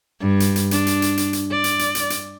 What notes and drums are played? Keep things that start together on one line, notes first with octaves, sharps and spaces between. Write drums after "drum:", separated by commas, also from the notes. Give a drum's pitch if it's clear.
G2
drum: hi-hat
drum: hi-hat
D4, drum: hi-hat
drum: hi-hat
drum: hi-hat
drum: hi-hat
drum: hi-hat
D5
drum: hi-hat
drum: hi-hat
drum: hi-hat
drum: hi-hat